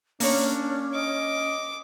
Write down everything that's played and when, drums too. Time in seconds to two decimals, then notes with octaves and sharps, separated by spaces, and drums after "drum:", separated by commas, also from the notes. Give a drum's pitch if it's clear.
0.20 A#3 C#4 D4 C#5, drum: open hi-hat
0.95 D#5 D6